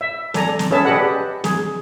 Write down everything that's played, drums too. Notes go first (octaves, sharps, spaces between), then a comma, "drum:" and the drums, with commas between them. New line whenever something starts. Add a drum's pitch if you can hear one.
E5
A4 D5 G#5 A#5, drum: snare
drum: snare
C#4 G#4 A4 B4 E5 A5
G4 G#4 B4 D5 D#5 F#5
G#4, drum: snare